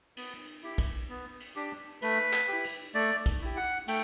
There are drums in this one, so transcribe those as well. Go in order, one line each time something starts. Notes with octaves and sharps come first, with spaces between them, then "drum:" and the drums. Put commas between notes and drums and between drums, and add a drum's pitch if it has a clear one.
B3, drum: cymbal
E4 G4
drum: kick, cymbal
B3
drum: cymbal
D4 G4
A3 B4, drum: cymbal
drum: clap
E4 G4
drum: cymbal
A3 D5
drum: kick, cymbal
E4 G4
F#5
A3 G5, drum: cymbal